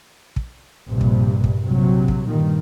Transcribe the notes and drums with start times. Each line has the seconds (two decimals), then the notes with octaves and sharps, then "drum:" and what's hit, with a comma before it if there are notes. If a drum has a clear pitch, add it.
0.36 drum: kick
0.87 A#1 G2 C3
1.01 drum: kick
1.44 drum: kick
1.65 A#1 C3 F#3
2.08 drum: kick
2.29 G2 A#2 D#3